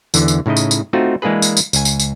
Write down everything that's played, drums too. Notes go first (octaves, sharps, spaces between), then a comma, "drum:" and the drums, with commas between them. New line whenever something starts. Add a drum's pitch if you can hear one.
E2 D3 E3, drum: tambourine
drum: tambourine
A2 C#3 D#4 E4 D#5
drum: tambourine
drum: tambourine
A3 C4 D#4 F4 F#4
E3 G#3 A#3 D4 G#4 B4
drum: tambourine
drum: tambourine
C#2 G#5, drum: tambourine
drum: tambourine
drum: tambourine